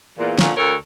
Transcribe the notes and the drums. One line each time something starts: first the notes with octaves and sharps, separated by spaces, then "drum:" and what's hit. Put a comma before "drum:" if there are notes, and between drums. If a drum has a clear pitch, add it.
E2 A#2
A#2 D3 F3 C#4, drum: snare
D2 A4 A#4 C#5